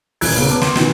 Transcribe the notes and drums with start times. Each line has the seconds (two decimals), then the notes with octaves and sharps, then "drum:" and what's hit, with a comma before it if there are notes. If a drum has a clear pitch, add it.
0.21 D#1 E3 E6 F#6 G#6, drum: open hi-hat
0.36 C#3 A#3 B3
0.49 B3 A5 D6
0.61 C6, drum: snare
0.75 B2 D#3 E3, drum: snare